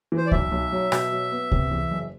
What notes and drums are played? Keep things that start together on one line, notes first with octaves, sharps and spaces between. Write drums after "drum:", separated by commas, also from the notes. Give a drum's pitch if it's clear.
E3
C5
D5
B1 E5, drum: kick C#2
B1
F#3
B2, drum: rim click
F#3
B3
C3, drum: kick C#2
E2
F#1